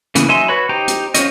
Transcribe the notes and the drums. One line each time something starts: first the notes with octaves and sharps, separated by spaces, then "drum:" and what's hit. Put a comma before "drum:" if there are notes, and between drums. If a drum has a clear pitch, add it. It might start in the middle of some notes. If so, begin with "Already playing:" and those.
C#3 E3 A#3 B3, drum: hi-hat
F#3 D#4 E5 G#5 C6
F#4 B4 C#5 B5
D#4 G4 C5 G5 A#5
drum: hi-hat
C#4 F4 C5 C#5 D#5, drum: hi-hat